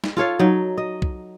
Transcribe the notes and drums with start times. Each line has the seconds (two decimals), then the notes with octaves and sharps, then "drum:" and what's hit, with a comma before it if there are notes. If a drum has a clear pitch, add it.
0.04 drum: snare
0.17 F4 A4 C#5 F5
0.39 F#3 D#4
0.78 D#5
1.02 drum: kick B1